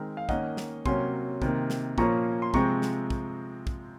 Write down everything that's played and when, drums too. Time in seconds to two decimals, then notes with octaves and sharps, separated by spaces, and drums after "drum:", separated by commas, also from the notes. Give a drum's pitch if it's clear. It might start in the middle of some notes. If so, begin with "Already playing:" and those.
Already playing: D#3 G#3 C4 A#4
0.17 F5
0.29 D#3 A#3 C#4 D#5 F#5, drum: kick
0.57 drum: snare
0.86 C3 F#3 A#3 C#4 G#5 C6, drum: kick
1.42 C3 D#3 A#3, drum: kick
1.70 drum: snare
1.98 A#2 F3 A#3 C#4 A#5 C#6, drum: kick
2.42 C6
2.54 C3 F3 G#3 C4 A#5 C#6, drum: kick
2.82 drum: snare
3.10 drum: kick
3.67 drum: kick